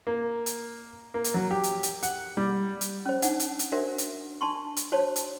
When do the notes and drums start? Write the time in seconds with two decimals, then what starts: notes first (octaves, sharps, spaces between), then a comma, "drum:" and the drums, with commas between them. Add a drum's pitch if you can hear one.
0.07 A#3
0.46 drum: hi-hat
1.14 A#3
1.24 drum: hi-hat
1.34 F#3
1.51 G4
1.63 drum: hi-hat
1.83 drum: hi-hat
2.03 F#5, drum: hi-hat
2.37 G3
2.81 drum: hi-hat
3.06 C#4 C5
3.22 D4 D#4 F#5, drum: hi-hat
3.40 drum: hi-hat
3.59 drum: hi-hat
3.72 D4 F#4 A#4 C5 E5
3.98 drum: hi-hat
4.41 D4 A5 C6 C#6
4.77 drum: hi-hat
4.92 F#4 C5 C#5 A5
5.16 drum: hi-hat